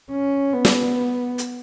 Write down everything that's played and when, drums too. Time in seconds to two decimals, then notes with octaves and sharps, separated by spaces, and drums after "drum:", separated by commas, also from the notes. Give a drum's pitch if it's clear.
0.12 C#4
0.53 B3
0.65 drum: snare
1.38 drum: hi-hat